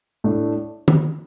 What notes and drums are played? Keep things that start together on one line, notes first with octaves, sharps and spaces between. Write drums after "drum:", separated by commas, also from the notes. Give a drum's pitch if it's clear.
A2 A3 D4
drum: tom